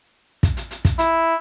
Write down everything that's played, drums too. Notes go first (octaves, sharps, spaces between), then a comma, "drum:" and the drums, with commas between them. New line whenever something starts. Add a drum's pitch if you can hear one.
drum: kick, hi-hat
drum: hi-hat
drum: hi-hat
drum: kick, hi-hat
E4, drum: hi-hat